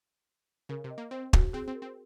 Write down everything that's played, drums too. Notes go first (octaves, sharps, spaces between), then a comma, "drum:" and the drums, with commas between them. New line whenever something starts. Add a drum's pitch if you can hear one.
C#3 A#4
C3
D#5
A#3
C4 C5
F#4, drum: kick
C4 G#4
C4
A#4
C4